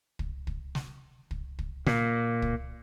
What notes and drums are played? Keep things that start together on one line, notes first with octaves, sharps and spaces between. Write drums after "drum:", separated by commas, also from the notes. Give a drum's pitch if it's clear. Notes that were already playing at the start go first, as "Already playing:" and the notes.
drum: kick
drum: kick
drum: snare
drum: kick
drum: kick
A#2, drum: snare
drum: kick